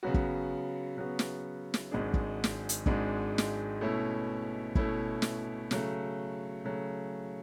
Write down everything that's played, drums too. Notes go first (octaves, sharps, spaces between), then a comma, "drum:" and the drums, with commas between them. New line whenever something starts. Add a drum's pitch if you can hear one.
C#3 F#3 B3 F#4
drum: kick
C#3 F#3 B3 F#4
drum: snare
drum: snare
G#1 G#2 G#3 D4
drum: kick
drum: snare
drum: hi-hat
G#1 G#2 G#3 D4, drum: kick
drum: snare
B2 A3 C#4 E4
B2 A3 C#4 E4, drum: kick
drum: snare
C#3 F#3 A3, drum: snare
C#3 F#3 A3